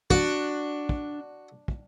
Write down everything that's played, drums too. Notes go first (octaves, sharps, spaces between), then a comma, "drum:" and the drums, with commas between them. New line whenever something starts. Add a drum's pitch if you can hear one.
D4 F#4, drum: kick
drum: kick
drum: kick